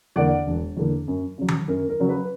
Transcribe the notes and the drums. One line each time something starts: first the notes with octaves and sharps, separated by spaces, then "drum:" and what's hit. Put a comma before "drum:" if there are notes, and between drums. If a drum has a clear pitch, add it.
E2 D3 A#3 D5 F#5
E1
E2 D3 A#3
F#2
C#3 F#3
drum: tom D#3
F#2 A#4
A#4
C#3 F#3
B4